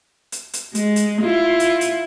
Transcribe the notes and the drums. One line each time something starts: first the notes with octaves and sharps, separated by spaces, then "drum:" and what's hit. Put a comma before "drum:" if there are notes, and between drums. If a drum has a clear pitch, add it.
drum: hi-hat
drum: hi-hat
G#3, drum: hi-hat
drum: hi-hat
E4 F4
drum: hi-hat
drum: hi-hat